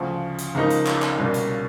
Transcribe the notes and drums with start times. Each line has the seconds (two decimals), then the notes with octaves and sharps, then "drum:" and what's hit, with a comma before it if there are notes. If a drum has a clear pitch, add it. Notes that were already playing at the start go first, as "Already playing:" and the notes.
Already playing: D2 C#3 F3
0.39 drum: hi-hat
0.55 C#2 C#3 F3 A#3 D#4
0.70 drum: hi-hat
0.86 drum: clap
1.02 drum: clap
1.18 C2 B2 G3 A#3 C#4
1.34 drum: hi-hat